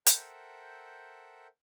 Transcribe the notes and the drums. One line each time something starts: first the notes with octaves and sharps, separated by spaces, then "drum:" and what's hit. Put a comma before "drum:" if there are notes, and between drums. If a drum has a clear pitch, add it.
A4 A#4 C5 E5 F#5 G5, drum: hi-hat